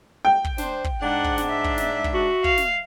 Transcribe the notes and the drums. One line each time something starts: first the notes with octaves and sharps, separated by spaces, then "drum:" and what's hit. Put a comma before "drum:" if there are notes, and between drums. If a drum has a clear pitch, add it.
G5
drum: kick
D4 C5, drum: snare
drum: kick
G#2 D4 F#5
drum: kick
drum: snare
E5
drum: kick
drum: snare
drum: kick
F#4
F5, drum: kick
drum: snare